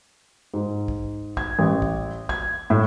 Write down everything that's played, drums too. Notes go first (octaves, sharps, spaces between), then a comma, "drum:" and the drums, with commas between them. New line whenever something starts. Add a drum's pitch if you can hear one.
G#2
drum: kick
G#6, drum: kick
A1
drum: kick
G#6, drum: kick
A2